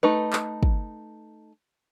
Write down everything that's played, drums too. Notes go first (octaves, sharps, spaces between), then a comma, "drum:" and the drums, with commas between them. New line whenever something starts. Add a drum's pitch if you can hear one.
A3 D#4 B4
drum: clap
drum: kick